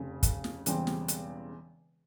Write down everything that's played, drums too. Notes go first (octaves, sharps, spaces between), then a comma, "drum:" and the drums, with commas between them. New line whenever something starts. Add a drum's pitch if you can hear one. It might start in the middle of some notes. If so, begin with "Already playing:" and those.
Already playing: F1 F2 C#3
drum: kick, hi-hat
drum: snare
E1 E2 C#3 G3 C4, drum: hi-hat
drum: snare
drum: hi-hat